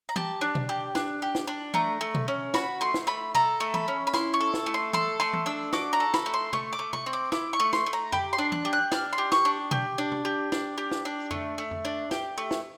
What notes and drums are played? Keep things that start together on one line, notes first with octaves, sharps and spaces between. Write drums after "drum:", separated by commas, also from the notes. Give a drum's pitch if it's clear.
A#5
G4 A5, drum: tom E3
D4
drum: tom B2
G4
D4, drum: snare
G4
drum: snare
D4
A3 A#5, drum: tom E3
A3
drum: tom B2
C#4
F#4 B5, drum: snare
A3 C6
drum: snare
A3 B5
A4 A#5, drum: tom C3
A3
B5, drum: tom E3
C#4
B5
E4 C6, drum: snare
C#6
A4
drum: snare
A3
C6
A4 C6, drum: tom E3
A3 C6
drum: tom E3
D4 E6
F#4 D6, drum: snare
A#5
A4
B5, drum: snare
A3
C6
A3 C#6, drum: tom C3
D6
A3
C#6, drum: tom C3
C4
D6
E4 D6, drum: snare
C#6
A3
C6, drum: snare
A3
A#5
G4 B5, drum: tom F2
C6
D4
F#6, drum: tom E3
G4
F#6
D4 F6, drum: snare
C6
G4
C#6, drum: snare
D4
G4, drum: tom B2
D4
drum: tom C3
G4
D4, drum: snare
G4
drum: snare
D4
A3, drum: tom F2
A3
drum: tom F2
D4
G4, drum: snare
A3
drum: snare